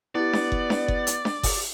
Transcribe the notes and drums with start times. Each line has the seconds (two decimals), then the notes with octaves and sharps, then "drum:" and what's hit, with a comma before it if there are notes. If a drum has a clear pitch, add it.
0.15 B3 E4 G4 D5
0.33 drum: snare D4
0.52 drum: kick F#1
0.70 drum: snare D4
0.88 drum: kick F#1
1.07 drum: hi-hat
1.25 drum: snare D4
1.43 drum: kick F#1, open hi-hat